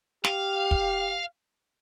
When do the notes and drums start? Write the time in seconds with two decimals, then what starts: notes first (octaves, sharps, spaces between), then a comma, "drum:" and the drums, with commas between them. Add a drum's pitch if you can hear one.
0.25 G4 F5, drum: snare
0.71 drum: kick